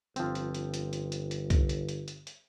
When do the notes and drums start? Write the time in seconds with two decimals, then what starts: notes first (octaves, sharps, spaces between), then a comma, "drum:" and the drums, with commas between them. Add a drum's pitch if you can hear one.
0.16 G1 F3 C4, drum: hi-hat
0.35 drum: hi-hat
0.54 drum: hi-hat
0.74 drum: hi-hat
0.93 drum: hi-hat
1.12 drum: hi-hat
1.31 drum: hi-hat
1.50 drum: kick C2, hi-hat
1.69 drum: hi-hat
1.89 drum: hi-hat
2.08 drum: hi-hat
2.27 drum: hi-hat